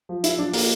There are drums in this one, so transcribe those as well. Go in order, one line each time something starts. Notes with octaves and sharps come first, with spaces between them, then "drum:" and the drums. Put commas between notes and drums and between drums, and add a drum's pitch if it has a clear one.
F3
F3 E4, drum: hi-hat
F3 D4
A#3, drum: open hi-hat